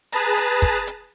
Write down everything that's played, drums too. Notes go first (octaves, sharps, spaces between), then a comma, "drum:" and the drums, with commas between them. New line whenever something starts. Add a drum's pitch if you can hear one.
G#4 B4 A5 A#5, drum: hi-hat
drum: hi-hat
drum: kick
drum: hi-hat